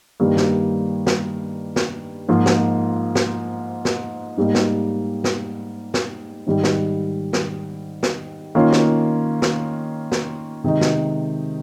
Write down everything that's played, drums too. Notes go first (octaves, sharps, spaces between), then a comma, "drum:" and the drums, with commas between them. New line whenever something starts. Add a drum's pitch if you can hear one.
G2 D#3 G3 A#3
drum: snare
drum: snare
drum: snare
G#2 F3 A#3 F4
drum: snare
drum: snare
drum: snare
G#2 G3 A#3 D#4
drum: snare
drum: snare
drum: snare
G#2 D#3 G3
drum: snare
drum: snare
drum: snare
D#3 A#3 C#4 F4
drum: snare
drum: snare
drum: snare
C3 D#3 G#3 D#4
drum: snare